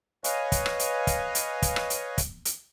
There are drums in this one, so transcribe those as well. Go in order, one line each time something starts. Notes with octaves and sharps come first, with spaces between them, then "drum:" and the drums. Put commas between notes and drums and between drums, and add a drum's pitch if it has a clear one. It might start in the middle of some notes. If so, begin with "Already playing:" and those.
B4 C#5 D#5 F5 G#5 C#6, drum: hi-hat
drum: kick, hi-hat
drum: rim click
drum: hi-hat
drum: kick, hi-hat
drum: hi-hat
drum: kick, hi-hat
drum: rim click
drum: hi-hat
drum: kick, hi-hat
drum: hi-hat